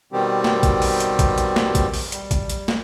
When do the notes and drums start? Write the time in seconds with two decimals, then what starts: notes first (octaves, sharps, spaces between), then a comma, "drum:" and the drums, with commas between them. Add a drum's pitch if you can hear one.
0.13 B2 D#3 G3 C4 G4
0.44 drum: snare
0.63 drum: kick A#1, hi-hat
0.82 drum: open hi-hat
1.00 drum: hi-hat
1.19 drum: kick A#1, hi-hat
1.38 drum: hi-hat
1.56 drum: snare
1.75 drum: kick A#1, hi-hat
1.94 drum: open hi-hat
2.12 G3, drum: hi-hat
2.31 drum: kick A#1, hi-hat
2.50 drum: hi-hat
2.68 drum: snare